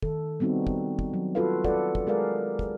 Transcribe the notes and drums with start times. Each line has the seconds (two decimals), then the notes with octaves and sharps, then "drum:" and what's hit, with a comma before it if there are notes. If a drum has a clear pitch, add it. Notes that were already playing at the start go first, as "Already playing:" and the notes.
0.02 D#3 A4, drum: kick
0.40 G3 B3 C4 D#4 F#4
0.67 drum: kick
0.99 drum: kick
1.14 F#3
1.35 F4 F#4 A4 B4 F5
1.65 F4 A4 B4 D5 F#5, drum: kick
1.95 drum: kick
2.07 G#3 G#4 A#4 D5 F5
2.59 drum: kick